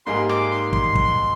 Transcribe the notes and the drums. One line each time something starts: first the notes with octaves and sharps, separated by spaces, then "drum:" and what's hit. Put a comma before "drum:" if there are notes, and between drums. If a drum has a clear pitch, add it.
G#2 G3 A#3 D#4 G#4 C6
D6, drum: rim click
C6
C6, drum: kick
drum: kick